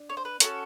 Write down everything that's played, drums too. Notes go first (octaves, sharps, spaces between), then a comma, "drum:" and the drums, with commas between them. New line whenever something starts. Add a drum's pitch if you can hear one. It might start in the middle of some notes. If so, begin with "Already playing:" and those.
Already playing: D4
C#5
C5
B4
C#4 F#4 A4 A#4, drum: hi-hat